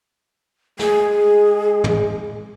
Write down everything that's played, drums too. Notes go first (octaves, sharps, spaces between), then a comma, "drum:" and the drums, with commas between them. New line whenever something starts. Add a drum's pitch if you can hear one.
G#3 G#4, drum: snare
drum: tom